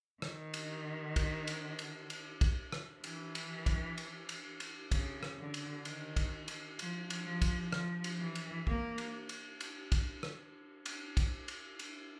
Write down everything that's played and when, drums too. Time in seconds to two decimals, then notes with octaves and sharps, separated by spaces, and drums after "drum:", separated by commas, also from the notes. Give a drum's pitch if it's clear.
0.22 D#3, drum: rim click
0.54 drum: cymbal
1.16 drum: kick, cymbal
1.47 drum: cymbal
1.79 drum: cymbal
2.10 drum: cymbal
2.41 drum: kick, cymbal
2.72 drum: rim click
3.04 E3, drum: cymbal
3.35 drum: cymbal
3.66 drum: kick, cymbal
3.98 drum: cymbal
4.29 drum: cymbal
4.60 drum: cymbal
4.91 C#3, drum: kick, cymbal
5.23 drum: rim click
5.38 D3
5.54 drum: cymbal
5.85 D#3, drum: cymbal
6.16 drum: kick, cymbal
6.48 drum: cymbal
6.79 F3, drum: cymbal
7.10 drum: cymbal
7.26 F3
7.42 drum: kick, cymbal
7.72 F3, drum: rim click
8.04 drum: cymbal
8.20 E3
8.35 drum: cymbal
8.67 A#3, drum: kick
8.98 drum: cymbal
9.29 drum: cymbal
9.60 drum: cymbal
9.92 drum: kick, cymbal
10.23 drum: rim click
10.86 drum: cymbal
11.17 drum: kick, cymbal
11.48 drum: cymbal
11.79 drum: cymbal